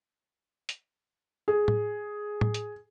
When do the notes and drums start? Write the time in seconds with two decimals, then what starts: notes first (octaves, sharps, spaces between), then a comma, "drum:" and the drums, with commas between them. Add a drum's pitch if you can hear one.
0.69 drum: hi-hat
1.48 G#4
1.68 drum: tom A2
2.41 drum: tom A2
2.54 drum: hi-hat